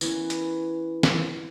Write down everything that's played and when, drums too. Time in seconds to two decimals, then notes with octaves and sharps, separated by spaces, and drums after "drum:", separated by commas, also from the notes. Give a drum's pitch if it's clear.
0.01 E3 B3 C#4 A#4, drum: tambourine
0.30 drum: hi-hat
1.03 drum: snare